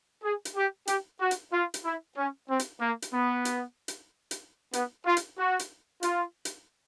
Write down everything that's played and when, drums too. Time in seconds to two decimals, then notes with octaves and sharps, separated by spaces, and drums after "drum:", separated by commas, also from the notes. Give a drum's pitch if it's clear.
0.23 G#4
0.45 drum: hi-hat
0.56 G4
0.87 G4, drum: hi-hat
1.20 F#4
1.31 drum: hi-hat
1.52 F4
1.74 drum: hi-hat
1.85 E4
2.17 C#4
2.49 C4
2.59 drum: hi-hat
2.81 A#3
3.02 drum: hi-hat
3.13 B3
3.45 drum: hi-hat
3.88 drum: hi-hat
4.31 drum: hi-hat
4.73 B3, drum: hi-hat
5.06 F4
5.17 drum: hi-hat
5.38 F#4
5.59 drum: hi-hat
6.03 F4, drum: hi-hat
6.45 drum: hi-hat